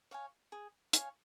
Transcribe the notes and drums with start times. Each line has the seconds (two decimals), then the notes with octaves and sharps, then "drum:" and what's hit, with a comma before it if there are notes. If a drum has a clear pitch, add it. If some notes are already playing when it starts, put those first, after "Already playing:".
0.11 C#5 F5 G#5
0.52 G#4
0.93 C#5 F5 G#5, drum: hi-hat